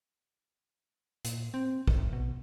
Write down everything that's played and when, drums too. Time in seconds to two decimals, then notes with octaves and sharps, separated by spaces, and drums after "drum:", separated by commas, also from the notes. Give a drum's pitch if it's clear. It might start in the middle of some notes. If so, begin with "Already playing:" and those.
1.25 A#2, drum: hi-hat
1.54 C4
1.88 drum: kick A#1
1.98 G#1
2.13 B2